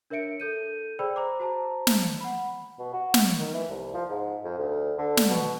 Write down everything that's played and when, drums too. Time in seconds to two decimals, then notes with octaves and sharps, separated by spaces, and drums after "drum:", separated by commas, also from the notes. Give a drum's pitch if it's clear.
0.10 D4 A#4 C#5 E5 C#7 D7
0.40 A4 G6 D#7
0.99 G#4 C5 D5 G5 B5 E6
1.16 C5 A#5 D6
1.40 F#4 C5 A5 A#5
1.87 drum: snare
2.21 F#5 B5
2.79 B2
2.93 F#4
3.14 drum: snare
3.39 D#3
3.54 E3
3.70 C2
3.94 F3
4.10 G#2
4.44 F2
4.59 D2
4.99 D3
5.17 drum: snare
5.30 B2